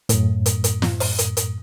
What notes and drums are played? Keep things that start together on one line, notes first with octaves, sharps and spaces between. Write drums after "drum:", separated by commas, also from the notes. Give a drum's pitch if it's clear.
F#2 A2, drum: hi-hat
drum: hi-hat
drum: hi-hat
drum: snare
drum: open hi-hat
drum: hi-hat
drum: hi-hat